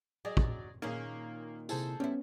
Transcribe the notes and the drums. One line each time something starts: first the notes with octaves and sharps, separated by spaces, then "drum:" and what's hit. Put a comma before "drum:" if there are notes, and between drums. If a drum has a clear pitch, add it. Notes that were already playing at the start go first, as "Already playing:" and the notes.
F#3 G#4 D5 D#5
drum: kick
A#2 D#3 A#3 C#4 G#4 F5
C3 E4 G#4 A4 C5, drum: tambourine
G3 B3 C#4 E4